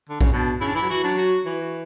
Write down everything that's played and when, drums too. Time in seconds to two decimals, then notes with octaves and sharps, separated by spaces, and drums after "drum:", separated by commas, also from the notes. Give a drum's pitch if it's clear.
0.09 D3
0.21 C#3, drum: kick A#1
0.32 B2 D4
0.60 C#3 E4
0.68 D4
0.75 E3 E4
0.82 F#3
0.90 E3 F#4
1.03 F#3 D4
1.18 F#4
1.45 E3 F#4
1.61 F#4